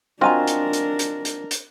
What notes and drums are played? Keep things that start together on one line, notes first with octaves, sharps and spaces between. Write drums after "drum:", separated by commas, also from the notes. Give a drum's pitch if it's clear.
C4 D4 F4 F#4 A#4 D#5 G#5 A#5
drum: hi-hat
drum: hi-hat
drum: hi-hat
drum: hi-hat
drum: hi-hat